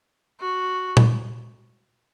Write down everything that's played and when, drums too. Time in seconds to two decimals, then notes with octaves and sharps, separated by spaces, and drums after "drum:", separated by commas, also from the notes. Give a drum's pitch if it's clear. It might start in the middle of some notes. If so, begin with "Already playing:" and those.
0.40 F#4
0.97 drum: tom A#2